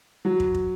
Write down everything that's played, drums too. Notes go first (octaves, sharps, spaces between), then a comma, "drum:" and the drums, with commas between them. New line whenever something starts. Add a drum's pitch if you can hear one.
F#3
drum: kick
drum: kick